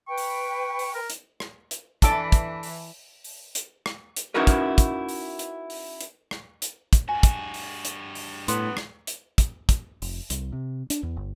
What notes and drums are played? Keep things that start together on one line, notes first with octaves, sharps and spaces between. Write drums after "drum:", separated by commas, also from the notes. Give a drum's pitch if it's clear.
B4 G5 C#6
drum: open hi-hat
drum: open hi-hat
A#4
drum: hi-hat
drum: rim click
drum: hi-hat
E3 D4 A4 D5 A5 D7, drum: kick, hi-hat
drum: kick, hi-hat
drum: open hi-hat
drum: open hi-hat
drum: hi-hat
drum: rim click
drum: hi-hat
C#4 D#4 E4 F#4 A#4 B4
drum: kick, hi-hat
drum: kick, hi-hat
drum: open hi-hat
drum: hi-hat
drum: open hi-hat
drum: hi-hat
drum: rim click
drum: hi-hat
drum: kick, hi-hat
G2 F#4 G#5
drum: kick, hi-hat
drum: open hi-hat
drum: hi-hat
drum: open hi-hat
A2 B3 C6, drum: hi-hat
drum: rim click
drum: hi-hat
drum: kick, hi-hat
drum: kick, hi-hat
F1, drum: open hi-hat
C2, drum: hi-hat
C3
D4, drum: hi-hat
E2
G1